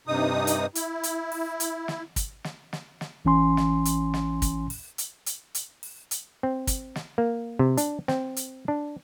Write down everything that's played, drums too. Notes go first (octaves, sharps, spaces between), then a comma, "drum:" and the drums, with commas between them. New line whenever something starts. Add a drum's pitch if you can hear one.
G2 C3 D#4 D#6
drum: hi-hat
E4, drum: hi-hat
drum: hi-hat
drum: open hi-hat
drum: hi-hat
drum: snare
drum: kick, hi-hat
drum: snare
drum: snare
drum: snare
A1 E3 C#4 G#5 C6
drum: snare
drum: hi-hat
drum: snare
drum: kick, hi-hat
drum: open hi-hat
drum: hi-hat
drum: hi-hat
drum: hi-hat
drum: open hi-hat
drum: hi-hat
C4
drum: kick, hi-hat
drum: snare
A#3
C3
D4, drum: hi-hat
C4, drum: snare
drum: hi-hat
D4